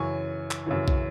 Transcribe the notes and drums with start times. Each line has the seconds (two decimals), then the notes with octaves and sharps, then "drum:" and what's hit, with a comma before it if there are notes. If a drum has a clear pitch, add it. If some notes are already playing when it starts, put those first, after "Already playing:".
Already playing: F#2 C#3 E3 G#5 C#6
0.51 drum: clap
0.66 F#2 C#3 E3
0.88 drum: kick